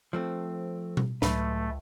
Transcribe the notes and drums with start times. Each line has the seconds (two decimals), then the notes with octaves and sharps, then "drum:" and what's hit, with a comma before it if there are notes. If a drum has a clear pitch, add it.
0.13 F3 A3 C4
0.97 drum: tom B2
1.22 C#2 A2 F#3 A3 B4, drum: snare